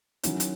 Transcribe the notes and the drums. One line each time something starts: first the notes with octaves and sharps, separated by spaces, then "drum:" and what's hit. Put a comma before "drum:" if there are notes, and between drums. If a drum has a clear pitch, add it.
D#3 F#3 C#4 E4, drum: hi-hat
drum: hi-hat